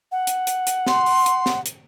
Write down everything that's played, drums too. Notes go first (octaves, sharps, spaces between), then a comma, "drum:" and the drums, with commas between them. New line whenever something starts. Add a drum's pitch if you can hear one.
F#5
drum: hi-hat
drum: hi-hat
drum: hi-hat
C6, drum: snare
drum: open hi-hat
drum: hi-hat
drum: snare
drum: hi-hat